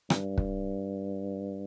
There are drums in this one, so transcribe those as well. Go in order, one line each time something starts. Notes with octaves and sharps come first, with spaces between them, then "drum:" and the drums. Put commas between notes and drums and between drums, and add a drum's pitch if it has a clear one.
G2, drum: rim click
drum: kick